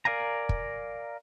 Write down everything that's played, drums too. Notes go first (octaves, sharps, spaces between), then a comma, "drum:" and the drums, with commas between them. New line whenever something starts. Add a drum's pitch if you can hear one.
A#4 D5 F5 G#5 A#5
drum: kick